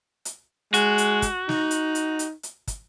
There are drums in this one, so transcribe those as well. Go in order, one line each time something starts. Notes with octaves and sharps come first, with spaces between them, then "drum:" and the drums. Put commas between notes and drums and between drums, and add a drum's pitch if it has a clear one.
drum: hi-hat
G#3 F#4, drum: hi-hat
drum: hi-hat
drum: kick, hi-hat
D#4, drum: snare
drum: hi-hat
drum: hi-hat
drum: hi-hat
drum: hi-hat
drum: kick, hi-hat